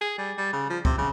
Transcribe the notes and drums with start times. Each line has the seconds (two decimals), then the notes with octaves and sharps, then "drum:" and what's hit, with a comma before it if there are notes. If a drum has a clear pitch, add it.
0.01 G#4
0.18 G3
0.38 G3
0.53 C#3
0.70 F3
0.85 C3, drum: kick
0.98 C#3